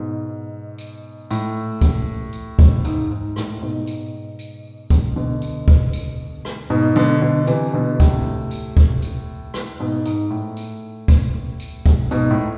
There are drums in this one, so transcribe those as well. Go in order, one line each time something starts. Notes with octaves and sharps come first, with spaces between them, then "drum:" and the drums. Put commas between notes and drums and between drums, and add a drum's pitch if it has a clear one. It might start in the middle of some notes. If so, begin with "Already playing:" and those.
Already playing: G#2 B2
drum: tambourine
A2, drum: tambourine
drum: kick C#2, tambourine
drum: tambourine
drum: kick C#2
G#2, drum: tambourine
G#2
A2, drum: rim click
G#2 B2
drum: tambourine
drum: tambourine
drum: kick C#2, tambourine
B2 D3
drum: tambourine
drum: kick C#2
drum: tambourine
drum: rim click
G#2 B2
B2 D3, drum: tambourine
B2 D3
C3 E3, drum: tambourine
B2 D3
A2 C3, drum: kick C#2, tambourine
drum: tambourine
drum: kick C#2
drum: tambourine
drum: rim click
G#2 B2
G#2, drum: tambourine
A2
drum: tambourine
drum: kick C#2, tambourine
drum: tambourine
drum: kick C#2
G#2 B2, drum: tambourine
A2